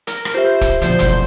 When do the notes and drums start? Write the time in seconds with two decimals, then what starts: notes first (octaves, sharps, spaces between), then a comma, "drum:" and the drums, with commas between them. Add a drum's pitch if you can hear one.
0.07 A#4, drum: hi-hat
0.25 drum: rim click
0.34 F4 G4 C5 E5
0.61 drum: kick, hi-hat
0.82 D1 B2 D3 F3 C5, drum: hi-hat
0.99 F1 C#2 E3 C4 E4 C6, drum: hi-hat